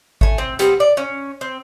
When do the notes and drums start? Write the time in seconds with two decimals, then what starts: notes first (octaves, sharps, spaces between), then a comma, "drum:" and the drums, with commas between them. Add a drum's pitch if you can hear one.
0.21 A3 G#5, drum: kick G#1
0.38 C4
0.59 G3 B3 C4, drum: hi-hat
0.80 D5
0.97 C#4
1.41 C4